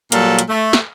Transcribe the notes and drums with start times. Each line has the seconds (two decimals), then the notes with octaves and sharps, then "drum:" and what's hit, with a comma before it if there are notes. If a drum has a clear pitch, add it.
0.12 A#2 F#3 G3 A#3 A4, drum: hi-hat
0.39 drum: hi-hat
0.49 A3
0.73 drum: snare